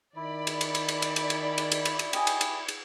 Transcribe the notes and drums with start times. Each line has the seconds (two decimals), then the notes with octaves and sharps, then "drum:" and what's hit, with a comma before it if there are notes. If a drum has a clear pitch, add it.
0.16 D#3 E4 D5 B5
0.47 drum: cymbal
0.61 drum: cymbal
0.75 drum: cymbal
0.89 drum: cymbal
1.02 drum: cymbal
1.16 drum: cymbal
1.30 drum: cymbal
1.58 drum: cymbal
1.72 drum: cymbal
1.85 drum: cymbal
1.99 drum: cymbal
2.13 G4 D#5 G#5, drum: cymbal
2.27 drum: cymbal
2.41 drum: cymbal
2.68 drum: cymbal